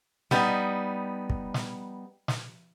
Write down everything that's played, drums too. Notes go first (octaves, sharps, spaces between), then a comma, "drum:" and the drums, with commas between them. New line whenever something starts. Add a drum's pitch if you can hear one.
G3 B3 D#4, drum: snare
drum: kick
drum: snare
drum: snare